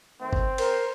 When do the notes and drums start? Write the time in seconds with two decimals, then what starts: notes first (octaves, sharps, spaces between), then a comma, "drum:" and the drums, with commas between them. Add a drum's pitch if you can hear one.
0.21 D#3 A3 C4
0.33 drum: kick
0.58 A#4 C5, drum: cymbal